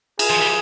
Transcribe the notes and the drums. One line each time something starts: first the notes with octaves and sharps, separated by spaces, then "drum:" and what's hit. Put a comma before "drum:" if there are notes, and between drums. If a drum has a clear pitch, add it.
G#4, drum: cymbal
F3
G3